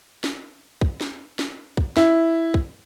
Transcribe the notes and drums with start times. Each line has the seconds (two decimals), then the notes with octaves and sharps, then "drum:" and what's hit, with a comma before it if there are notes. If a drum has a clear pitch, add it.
0.24 drum: snare
0.81 drum: kick
1.01 drum: snare
1.39 drum: snare
1.77 drum: kick
1.97 E4, drum: snare
2.54 drum: kick